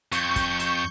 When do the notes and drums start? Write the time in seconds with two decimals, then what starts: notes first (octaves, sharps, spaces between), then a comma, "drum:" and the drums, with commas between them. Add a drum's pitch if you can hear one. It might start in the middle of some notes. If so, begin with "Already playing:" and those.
0.12 F2 C#6 G6, drum: hi-hat
0.36 drum: kick, hi-hat
0.60 drum: hi-hat